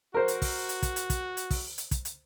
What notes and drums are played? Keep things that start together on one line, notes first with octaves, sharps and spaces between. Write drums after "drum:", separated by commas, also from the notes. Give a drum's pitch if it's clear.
F#4 A#4 C5
drum: hi-hat
drum: kick, open hi-hat
drum: hi-hat
drum: kick, hi-hat
drum: hi-hat
drum: kick, hi-hat
drum: hi-hat
drum: kick, open hi-hat
drum: hi-hat
drum: kick, hi-hat
drum: hi-hat